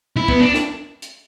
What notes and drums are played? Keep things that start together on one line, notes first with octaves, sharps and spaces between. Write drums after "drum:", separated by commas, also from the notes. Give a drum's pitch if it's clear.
E4
B3, drum: kick
D4
drum: snare
drum: hi-hat